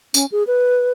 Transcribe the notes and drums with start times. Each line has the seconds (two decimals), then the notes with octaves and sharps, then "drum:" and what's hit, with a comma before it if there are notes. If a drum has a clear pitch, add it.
0.14 C#4, drum: tambourine
0.32 G#4
0.47 B4